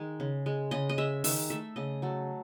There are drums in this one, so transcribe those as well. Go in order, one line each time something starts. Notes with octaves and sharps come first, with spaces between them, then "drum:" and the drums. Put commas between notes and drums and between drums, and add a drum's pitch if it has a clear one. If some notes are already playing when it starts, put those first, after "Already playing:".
Already playing: D#3 G#3
C#3
G#3
C#3 D#5
D#5
G#3 E5
D#3 E5, drum: open hi-hat
A3 E5
C#3 D#5
F#3 A3